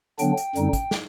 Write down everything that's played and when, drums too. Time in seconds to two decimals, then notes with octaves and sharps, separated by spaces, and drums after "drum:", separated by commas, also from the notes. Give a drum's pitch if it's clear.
0.19 D3 F#3 B3 D4 G5, drum: hi-hat
0.37 drum: hi-hat
0.55 F#2 D3 G3 C4 D#4, drum: hi-hat
0.73 drum: kick, hi-hat
0.91 drum: snare